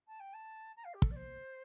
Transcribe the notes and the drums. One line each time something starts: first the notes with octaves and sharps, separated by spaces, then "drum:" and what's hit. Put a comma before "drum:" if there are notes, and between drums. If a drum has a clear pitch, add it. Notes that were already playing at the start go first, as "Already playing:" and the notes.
A5
G5
A5
A#5
F5
G4
A4, drum: kick
D5
C5